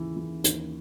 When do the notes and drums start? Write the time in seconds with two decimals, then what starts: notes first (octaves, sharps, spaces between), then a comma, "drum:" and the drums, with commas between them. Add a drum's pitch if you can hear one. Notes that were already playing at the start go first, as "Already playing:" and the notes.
Already playing: D#2 C#3 E3
0.17 E3
0.44 D#2, drum: hi-hat